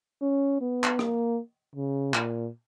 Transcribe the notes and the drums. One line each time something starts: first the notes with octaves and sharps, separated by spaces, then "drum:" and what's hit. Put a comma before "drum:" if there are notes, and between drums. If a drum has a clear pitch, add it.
C#4
B3
drum: clap
A#3, drum: rim click
C#3
A#2, drum: clap